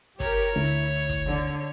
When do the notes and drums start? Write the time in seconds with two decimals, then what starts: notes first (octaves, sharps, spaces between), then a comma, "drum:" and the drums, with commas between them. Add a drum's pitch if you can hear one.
0.20 G4 A#4 C#5, drum: kick, hi-hat
0.42 drum: hi-hat
0.56 D2 E4
0.65 drum: hi-hat
1.09 drum: kick, hi-hat
1.27 D3